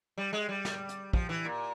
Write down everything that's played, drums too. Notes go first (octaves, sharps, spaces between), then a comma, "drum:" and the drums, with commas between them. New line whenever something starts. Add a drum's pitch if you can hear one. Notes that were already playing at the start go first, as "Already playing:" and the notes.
G3
G#3
G3
drum: snare
drum: hi-hat
F3, drum: kick
E3
A#2